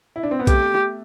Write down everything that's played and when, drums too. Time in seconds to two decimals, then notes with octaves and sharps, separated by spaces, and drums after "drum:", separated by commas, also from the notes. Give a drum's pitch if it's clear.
0.16 E4
0.23 D4
0.31 C4
0.39 B3
0.47 A3 G4, drum: kick B1, hi-hat